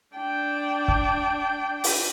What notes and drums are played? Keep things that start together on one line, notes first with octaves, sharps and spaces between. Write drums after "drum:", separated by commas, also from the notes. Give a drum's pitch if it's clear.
D4 G5
drum: kick
drum: open hi-hat